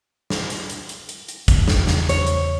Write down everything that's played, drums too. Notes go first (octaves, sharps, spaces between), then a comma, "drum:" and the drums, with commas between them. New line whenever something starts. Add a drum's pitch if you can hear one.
drum: snare
drum: hi-hat
drum: hi-hat
drum: hi-hat
drum: hi-hat
drum: hi-hat
E2 C#3 F3, drum: kick, hi-hat
drum: snare
drum: snare
C#5, drum: hi-hat
drum: hi-hat